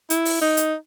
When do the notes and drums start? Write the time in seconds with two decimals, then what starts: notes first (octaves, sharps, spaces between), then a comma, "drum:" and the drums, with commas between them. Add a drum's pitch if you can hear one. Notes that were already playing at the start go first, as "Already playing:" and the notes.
0.10 E4, drum: hi-hat
0.25 drum: open hi-hat
0.41 D#4
0.57 drum: hi-hat